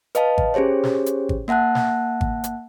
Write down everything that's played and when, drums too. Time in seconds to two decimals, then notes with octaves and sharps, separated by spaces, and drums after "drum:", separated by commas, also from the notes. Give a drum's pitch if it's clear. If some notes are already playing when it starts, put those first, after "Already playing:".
0.15 B4 D#5 F5 A5, drum: hi-hat
0.38 drum: kick G#1
0.54 C#4 G4 G#4 C5 C#5
0.83 drum: snare
1.06 drum: hi-hat
1.29 drum: kick G#1
1.48 A#3 E5 F#5 A5 F#6
1.75 drum: snare
2.21 drum: kick G#1
2.44 drum: hi-hat